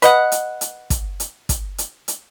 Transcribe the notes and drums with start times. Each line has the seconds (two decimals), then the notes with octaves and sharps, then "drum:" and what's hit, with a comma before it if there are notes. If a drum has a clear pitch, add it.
0.02 B4 D#5 F#5, drum: hi-hat
0.32 drum: hi-hat
0.61 drum: hi-hat
0.90 drum: kick, hi-hat
1.20 drum: hi-hat
1.49 drum: kick, hi-hat
1.78 drum: hi-hat
2.08 drum: hi-hat